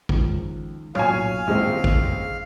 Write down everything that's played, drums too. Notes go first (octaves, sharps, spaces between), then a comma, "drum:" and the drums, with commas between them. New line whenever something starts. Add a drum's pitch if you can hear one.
C#2 D#3 F3, drum: kick G#1
B1 F#2 A#2 C#5 F5 G#5, drum: tom A2
A1 D#2 A#2 G3 G#3 C4
drum: kick G#1